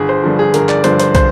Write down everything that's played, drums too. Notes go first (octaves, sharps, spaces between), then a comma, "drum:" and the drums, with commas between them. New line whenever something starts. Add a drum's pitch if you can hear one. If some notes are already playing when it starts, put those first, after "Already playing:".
Already playing: G1 G#4
C5
G2 D3 F3
G#4
G1 A#4, drum: hi-hat
D5, drum: clap
G2 D3 F3 C5, drum: hi-hat
C5, drum: hi-hat
C5, drum: kick, hi-hat